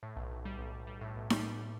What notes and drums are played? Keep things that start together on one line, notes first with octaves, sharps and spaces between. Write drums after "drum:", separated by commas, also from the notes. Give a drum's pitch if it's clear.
A2
B1
B1
G3
B1
B1
G3
A2
B1
G3, drum: snare D#4
G3